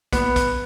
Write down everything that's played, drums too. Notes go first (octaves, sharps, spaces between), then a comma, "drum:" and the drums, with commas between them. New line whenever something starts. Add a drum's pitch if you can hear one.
B3, drum: kick, hi-hat
drum: kick, hi-hat